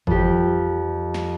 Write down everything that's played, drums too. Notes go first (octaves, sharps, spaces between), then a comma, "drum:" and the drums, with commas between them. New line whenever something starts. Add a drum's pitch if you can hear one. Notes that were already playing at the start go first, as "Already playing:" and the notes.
F2 G4, drum: kick G1
drum: snare